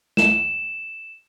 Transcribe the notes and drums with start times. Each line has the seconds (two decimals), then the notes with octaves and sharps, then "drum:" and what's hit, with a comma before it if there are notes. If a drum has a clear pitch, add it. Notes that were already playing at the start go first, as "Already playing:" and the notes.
0.17 E7, drum: snare